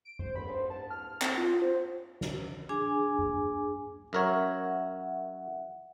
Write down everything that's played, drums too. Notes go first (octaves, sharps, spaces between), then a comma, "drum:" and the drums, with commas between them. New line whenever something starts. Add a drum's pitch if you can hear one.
D7
C5, drum: tom F#2
B5, drum: cymbal
C5
A5
F6
C4, drum: clap
F4
C5
drum: snare
D4 G#4 G#5 D6
drum: tom F#2
F#2 A#4 C#5 E5 F#5